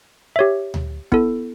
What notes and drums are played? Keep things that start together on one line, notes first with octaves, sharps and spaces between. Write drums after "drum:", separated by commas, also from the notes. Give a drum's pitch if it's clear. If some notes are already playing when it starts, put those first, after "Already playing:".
G4 C#5 E5
drum: tom D2
B3 E4 A4, drum: kick